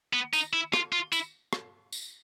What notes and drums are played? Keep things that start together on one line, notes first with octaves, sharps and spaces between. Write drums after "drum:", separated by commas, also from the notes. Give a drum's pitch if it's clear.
B3
D#4, drum: tambourine
E4
F4, drum: rim click
F4
E4, drum: tambourine
drum: rim click
drum: tambourine